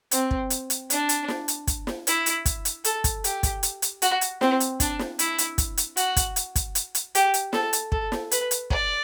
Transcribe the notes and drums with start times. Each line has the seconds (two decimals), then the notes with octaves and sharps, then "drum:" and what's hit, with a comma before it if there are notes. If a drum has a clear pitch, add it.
0.11 C4, drum: hi-hat
0.31 drum: kick
0.50 drum: hi-hat
0.70 drum: hi-hat
0.90 D4, drum: hi-hat
1.09 drum: hi-hat
1.28 drum: snare
1.48 drum: hi-hat
1.67 drum: kick, hi-hat
1.87 drum: snare
2.07 E4, drum: hi-hat
2.26 drum: hi-hat
2.46 drum: kick, hi-hat
2.65 drum: hi-hat
2.84 A4, drum: hi-hat
3.04 drum: kick, hi-hat
3.24 G4, drum: hi-hat
3.43 drum: kick, hi-hat
3.63 drum: hi-hat
3.82 drum: hi-hat
4.02 F#4, drum: hi-hat
4.21 drum: hi-hat
4.41 C4, drum: snare
4.60 drum: hi-hat
4.80 D4, drum: kick, hi-hat
4.99 drum: snare
5.19 E4, drum: hi-hat
5.38 drum: hi-hat
5.58 drum: kick, hi-hat
5.77 drum: hi-hat
5.97 F#4, drum: hi-hat
6.17 drum: kick, hi-hat
6.36 drum: hi-hat
6.56 drum: kick, hi-hat
6.75 drum: hi-hat
6.95 drum: hi-hat
7.15 G4, drum: hi-hat
7.34 drum: hi-hat
7.53 A4, drum: snare
7.73 drum: hi-hat
7.92 A4, drum: kick
8.12 drum: snare
8.31 B4, drum: hi-hat
8.51 drum: hi-hat
8.70 D5, drum: kick